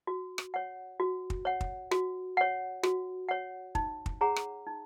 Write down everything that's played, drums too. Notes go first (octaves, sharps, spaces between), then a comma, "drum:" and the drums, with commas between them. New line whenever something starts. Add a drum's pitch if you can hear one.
F#4
drum: rim click
C#5 F#5
F#4
drum: kick
C#5 F#5
drum: kick
F#4, drum: rim click
C#5 F#5
F#4, drum: rim click
C#5 F#5
D#4, drum: kick
drum: kick
G#4 C#5 F#5 A#5
drum: rim click
D#4